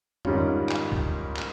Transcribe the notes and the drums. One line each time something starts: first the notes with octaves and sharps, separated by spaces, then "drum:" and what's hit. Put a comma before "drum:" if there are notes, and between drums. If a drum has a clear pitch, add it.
G#2 D#3 G3 C#4 F4, drum: tom F2
drum: clap
drum: kick
drum: clap